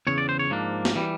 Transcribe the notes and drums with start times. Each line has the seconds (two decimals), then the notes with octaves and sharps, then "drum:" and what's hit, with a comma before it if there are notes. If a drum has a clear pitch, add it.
0.07 E2 C#3 C#5
0.18 D5
0.29 C5
0.39 C#5
0.50 G#2 F3 A#3 D4
0.85 drum: snare
0.96 E3 G3